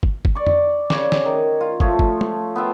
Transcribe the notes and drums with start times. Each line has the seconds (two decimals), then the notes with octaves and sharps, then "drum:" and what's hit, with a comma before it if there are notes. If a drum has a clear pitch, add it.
0.03 drum: kick
0.25 drum: kick
0.35 D5 C#6
0.47 drum: tom
0.90 C#3 C#5 D5 D6, drum: snare
1.12 drum: snare
1.25 D#3
1.60 F4
1.80 F3 A3 C5 C#5, drum: kick
1.99 drum: kick
2.21 drum: tom
2.55 B3 F4 E5 G5